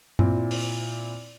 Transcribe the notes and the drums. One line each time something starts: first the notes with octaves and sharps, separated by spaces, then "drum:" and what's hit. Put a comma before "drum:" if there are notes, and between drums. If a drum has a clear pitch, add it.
A#2 C4 E4, drum: tom G2
drum: open hi-hat